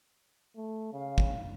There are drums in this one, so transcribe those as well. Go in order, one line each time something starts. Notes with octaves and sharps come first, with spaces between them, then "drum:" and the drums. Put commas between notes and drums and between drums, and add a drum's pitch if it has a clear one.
A3
C#3 F5
drum: kick